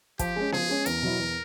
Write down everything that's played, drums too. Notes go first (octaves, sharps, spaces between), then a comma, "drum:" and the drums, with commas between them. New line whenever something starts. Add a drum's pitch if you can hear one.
F3 G4, drum: kick, hi-hat
G#3 C#4
F3 G#4, drum: snare B3
G#3 C#4
E2 A#4, drum: hi-hat
B2 F#3 B3 E4
E2